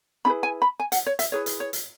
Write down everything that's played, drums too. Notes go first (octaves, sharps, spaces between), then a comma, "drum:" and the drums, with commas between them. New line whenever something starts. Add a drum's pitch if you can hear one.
C#4 E4 G#4 B4 B5
G#5
B5
G#5
F#5, drum: hi-hat
C#5
E5, drum: hi-hat
E4 G#4 B4 C#5
drum: hi-hat
C#5
drum: hi-hat